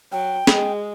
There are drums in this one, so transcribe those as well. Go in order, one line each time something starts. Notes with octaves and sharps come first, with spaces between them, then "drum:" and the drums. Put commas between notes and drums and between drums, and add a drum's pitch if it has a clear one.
F#3 G5
G#3, drum: snare